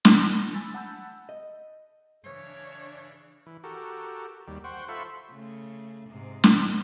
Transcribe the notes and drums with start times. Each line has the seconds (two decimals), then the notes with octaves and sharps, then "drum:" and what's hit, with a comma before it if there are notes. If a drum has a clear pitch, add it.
0.05 A5 B5 A#6, drum: snare
0.54 G#5 B5 E6 A6
0.74 F#5 A5 B5 E6 G6
1.29 D#5
2.24 C#3 E3 D4 C#5
3.46 E3
3.64 F#4 G4 A4 A#4
4.48 D#2 G3
4.64 C5 F#5 G5 C#6
4.89 F4 A4 C5 E5 B5 C#6
5.31 C#3 A3
6.09 G#2 C3
6.44 drum: snare